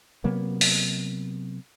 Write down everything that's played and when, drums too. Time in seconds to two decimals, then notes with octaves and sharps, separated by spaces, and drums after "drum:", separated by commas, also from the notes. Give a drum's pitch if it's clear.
0.24 C3 F#3 A#3 B3
0.61 drum: open hi-hat